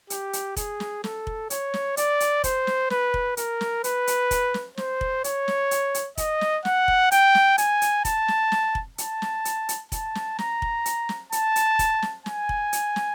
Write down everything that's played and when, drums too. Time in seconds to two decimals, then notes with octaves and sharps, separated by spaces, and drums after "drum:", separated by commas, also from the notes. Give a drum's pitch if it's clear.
0.10 G4, drum: hi-hat
0.33 drum: hi-hat
0.57 G#4, drum: kick F1, hi-hat
0.80 drum: snare
1.04 A4, drum: snare
1.27 drum: kick F1
1.50 C#5, drum: hi-hat
1.74 drum: snare
1.97 D5, drum: hi-hat
2.20 drum: hi-hat
2.44 C5, drum: kick F1, hi-hat
2.67 drum: snare
2.90 B4, drum: snare
3.14 drum: kick F1
3.37 A#4, drum: hi-hat
3.61 drum: snare
3.84 B4, drum: hi-hat
4.07 drum: hi-hat
4.31 drum: kick F1, hi-hat
4.54 drum: snare
4.77 C5, drum: snare
5.01 drum: kick F1
5.24 C#5, drum: hi-hat
5.48 drum: snare
5.71 drum: hi-hat
5.94 drum: hi-hat
6.18 D#5, drum: kick F1, hi-hat
6.41 drum: snare
6.65 F#5, drum: snare
6.88 drum: kick F1
7.11 G5, drum: hi-hat
7.35 drum: snare
7.58 G#5, drum: hi-hat
7.82 drum: hi-hat
8.05 A5, drum: kick F1, hi-hat
8.28 drum: snare
8.52 drum: snare
8.75 drum: kick F1
8.98 A5, drum: hi-hat
9.22 drum: snare
9.45 drum: hi-hat
9.69 drum: hi-hat
9.92 A5, drum: kick F1, hi-hat
10.15 drum: snare
10.39 A#5, drum: snare
10.62 drum: kick F1
10.86 drum: hi-hat
11.09 drum: snare
11.32 A5, drum: hi-hat
11.56 drum: hi-hat
11.79 drum: kick F1, hi-hat
12.02 drum: snare
12.26 G#5, drum: snare
12.49 drum: kick F1
12.73 drum: hi-hat
12.96 drum: snare